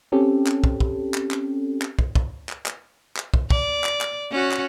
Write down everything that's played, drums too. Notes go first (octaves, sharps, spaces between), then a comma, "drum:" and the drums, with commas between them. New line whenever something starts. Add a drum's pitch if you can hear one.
C4 C#4 G4 A4
drum: clap
drum: kick
drum: kick
drum: clap
drum: clap
drum: clap
drum: kick
drum: kick
drum: clap
drum: clap
drum: clap
drum: kick
D5, drum: kick
drum: clap
drum: clap
C#4 F#4
drum: clap